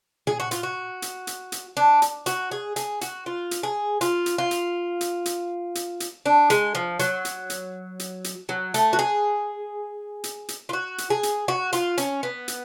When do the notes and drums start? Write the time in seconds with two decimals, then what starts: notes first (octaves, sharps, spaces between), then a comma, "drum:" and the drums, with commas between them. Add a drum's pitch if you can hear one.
0.27 G#4, drum: tom A#2
0.40 F#4
0.51 F4, drum: hi-hat
0.63 F#4
1.02 drum: hi-hat
1.27 drum: hi-hat
1.52 drum: hi-hat
1.77 D4
2.02 drum: hi-hat
2.26 F#4, drum: hi-hat
2.51 G#4
2.76 G#4, drum: hi-hat
3.01 F#4, drum: hi-hat
3.26 F4
3.51 drum: hi-hat
3.63 G#4
4.01 F4, drum: hi-hat
4.26 drum: hi-hat
4.38 F4
4.51 drum: hi-hat
5.01 drum: hi-hat
5.26 drum: hi-hat
5.75 drum: hi-hat
6.00 drum: hi-hat
6.26 D4
6.50 G#3, drum: hi-hat
6.75 F3
6.99 F#3, drum: hi-hat
7.25 drum: hi-hat
7.50 drum: hi-hat
7.99 drum: hi-hat
8.24 drum: hi-hat
8.49 F#3
8.74 A3, drum: hi-hat
8.93 F#4
8.99 G#4
10.24 drum: hi-hat
10.49 drum: hi-hat
10.69 F4
10.73 F#4
10.98 drum: hi-hat
11.10 G#4
11.23 drum: hi-hat
11.48 F#4
11.73 F4, drum: hi-hat
11.98 C#4, drum: hi-hat
12.23 B3
12.48 drum: hi-hat